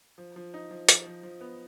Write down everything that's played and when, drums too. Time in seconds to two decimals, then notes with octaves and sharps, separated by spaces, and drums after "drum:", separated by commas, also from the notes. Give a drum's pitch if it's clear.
0.18 F3
0.36 F3
0.54 D#4
0.71 F3
0.89 F3, drum: hi-hat
1.06 F3
1.23 F3
1.41 B3